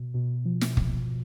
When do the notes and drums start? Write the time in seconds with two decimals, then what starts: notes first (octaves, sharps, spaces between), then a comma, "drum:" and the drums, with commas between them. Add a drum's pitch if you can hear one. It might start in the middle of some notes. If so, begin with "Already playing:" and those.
Already playing: B2
0.14 B2
0.45 F3
0.61 drum: snare
0.77 drum: kick